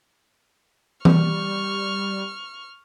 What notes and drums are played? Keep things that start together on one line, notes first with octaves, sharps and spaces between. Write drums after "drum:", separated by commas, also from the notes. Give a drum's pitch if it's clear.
G3 C#6 F6, drum: tom E3